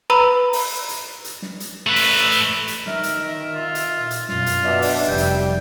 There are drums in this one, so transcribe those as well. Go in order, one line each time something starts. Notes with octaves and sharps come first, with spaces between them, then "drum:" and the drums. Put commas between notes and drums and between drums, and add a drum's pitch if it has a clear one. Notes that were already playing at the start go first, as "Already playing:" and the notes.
B4 A#5 B5 E6 D#7
drum: open hi-hat
drum: hi-hat
drum: hi-hat
drum: snare
drum: hi-hat
A3 B4
drum: open hi-hat
drum: hi-hat
drum: hi-hat
D#3 A#4 E5, drum: snare
drum: hi-hat
F4
drum: hi-hat
A#2
drum: hi-hat
F#2 B2 F4, drum: snare
drum: hi-hat
B2 D4 E5
drum: open hi-hat
F1 F2 G3 G5
drum: hi-hat